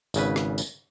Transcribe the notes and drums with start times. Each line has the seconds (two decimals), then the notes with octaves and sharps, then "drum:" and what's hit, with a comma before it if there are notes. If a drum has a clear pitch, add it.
0.14 G#1 C#3 B4, drum: tambourine
0.36 drum: rim click
0.58 drum: tambourine